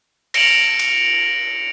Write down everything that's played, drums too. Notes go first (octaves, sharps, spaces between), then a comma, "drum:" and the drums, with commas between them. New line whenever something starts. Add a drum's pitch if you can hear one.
A#6 C#7 D7 F7 F#7, drum: cymbal
drum: cymbal